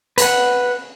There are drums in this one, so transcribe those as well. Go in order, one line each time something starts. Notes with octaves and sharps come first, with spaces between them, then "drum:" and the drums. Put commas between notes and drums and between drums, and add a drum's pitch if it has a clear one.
B4 F#5, drum: hi-hat